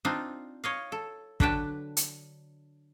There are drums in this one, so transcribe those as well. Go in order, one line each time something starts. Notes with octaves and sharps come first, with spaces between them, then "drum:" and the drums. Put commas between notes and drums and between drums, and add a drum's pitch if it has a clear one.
C4 D4 D#4 F4
C#5 D#5 F5
A4
D3 F#3 D4 B4 G5 A5, drum: kick
drum: hi-hat